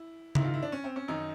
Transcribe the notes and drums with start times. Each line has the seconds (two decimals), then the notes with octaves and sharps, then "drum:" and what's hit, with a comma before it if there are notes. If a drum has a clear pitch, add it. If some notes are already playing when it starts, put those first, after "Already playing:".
Already playing: E4
0.35 G#2 D#3 E4, drum: tom C#3
0.44 F4
0.54 E4
0.62 D4
0.72 C#4
0.84 C4
0.96 C#4
1.08 F#2 D#3 D#4